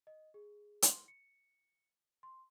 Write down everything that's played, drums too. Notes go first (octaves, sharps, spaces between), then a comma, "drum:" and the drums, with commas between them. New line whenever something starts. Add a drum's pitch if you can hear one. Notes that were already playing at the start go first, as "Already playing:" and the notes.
D#5
G#4
C6, drum: hi-hat
C#7
C6